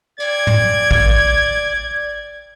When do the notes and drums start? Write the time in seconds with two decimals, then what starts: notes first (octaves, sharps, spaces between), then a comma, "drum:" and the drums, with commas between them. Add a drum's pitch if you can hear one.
0.20 D5 G#6, drum: cymbal
0.47 drum: tom
0.91 drum: kick A1